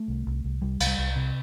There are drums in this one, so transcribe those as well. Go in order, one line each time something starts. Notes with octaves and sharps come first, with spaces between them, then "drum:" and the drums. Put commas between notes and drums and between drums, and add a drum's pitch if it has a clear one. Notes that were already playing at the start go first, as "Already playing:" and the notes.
Already playing: A3
C2
C2
C2
C2 G3
C2, drum: cymbal
G3
C2
C3